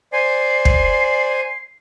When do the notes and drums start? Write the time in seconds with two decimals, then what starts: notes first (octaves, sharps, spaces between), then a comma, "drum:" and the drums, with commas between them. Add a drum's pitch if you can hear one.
0.13 C5 D5 G#5 C7
0.65 drum: kick